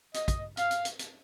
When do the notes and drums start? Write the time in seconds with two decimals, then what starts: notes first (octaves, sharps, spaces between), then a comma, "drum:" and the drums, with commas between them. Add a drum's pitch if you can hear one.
0.14 D#5, drum: hi-hat
0.28 drum: kick, hi-hat
0.57 F5, drum: hi-hat
0.71 drum: hi-hat
0.85 drum: hi-hat
0.99 drum: hi-hat